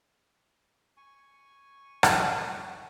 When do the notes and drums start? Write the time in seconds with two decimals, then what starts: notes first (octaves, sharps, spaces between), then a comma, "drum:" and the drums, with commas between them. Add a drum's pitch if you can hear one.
0.97 G#5 C#6
2.03 drum: rim click